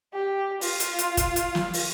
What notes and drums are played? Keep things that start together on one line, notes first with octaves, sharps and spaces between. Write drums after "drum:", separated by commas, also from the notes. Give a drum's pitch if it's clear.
G4
F4, drum: open hi-hat
drum: hi-hat
drum: hi-hat
drum: kick F1, hi-hat
drum: hi-hat
drum: snare
drum: open hi-hat